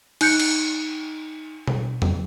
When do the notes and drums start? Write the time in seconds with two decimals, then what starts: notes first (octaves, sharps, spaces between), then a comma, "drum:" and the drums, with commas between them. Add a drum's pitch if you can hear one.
0.21 D#4 F#6 G6 C#7, drum: cymbal
0.40 drum: cymbal
1.67 drum: tom B2
2.02 drum: tom E2